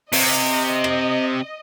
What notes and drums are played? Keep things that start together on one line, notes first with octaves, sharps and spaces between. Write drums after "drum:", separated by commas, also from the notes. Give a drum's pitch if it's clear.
C3 D#5, drum: open hi-hat
drum: rim click